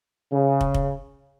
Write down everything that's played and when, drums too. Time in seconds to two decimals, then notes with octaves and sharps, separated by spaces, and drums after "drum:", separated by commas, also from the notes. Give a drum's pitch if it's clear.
0.33 C#3
0.61 drum: kick
0.74 drum: kick